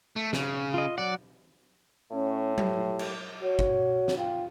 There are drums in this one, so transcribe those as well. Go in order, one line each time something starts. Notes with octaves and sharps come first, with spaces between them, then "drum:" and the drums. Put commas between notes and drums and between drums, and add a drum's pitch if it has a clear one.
A3
C#3, drum: snare
F4 D#5
F#3 D5 F#5
A2 C#4
G4, drum: tom F#3
drum: cymbal
F#4 C#5
drum: kick
drum: snare
F4 G5